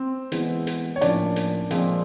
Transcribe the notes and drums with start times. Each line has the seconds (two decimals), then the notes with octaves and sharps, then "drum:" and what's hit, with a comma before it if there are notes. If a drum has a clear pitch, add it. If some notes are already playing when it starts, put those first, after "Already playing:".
Already playing: C4
0.32 E3 G#3 B3, drum: hi-hat
0.67 drum: hi-hat
0.96 C#5
1.01 A2 F3 A#3 C#4 D4 D5, drum: hi-hat
1.36 drum: hi-hat
1.71 A#2 F3 G#3 C4, drum: hi-hat